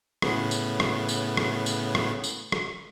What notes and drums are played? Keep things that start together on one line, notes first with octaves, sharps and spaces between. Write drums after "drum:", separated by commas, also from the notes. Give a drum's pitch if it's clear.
A2 C#3 B3, drum: rim click
drum: tambourine
drum: rim click
drum: tambourine
drum: rim click
drum: tambourine
drum: rim click
drum: tambourine
drum: rim click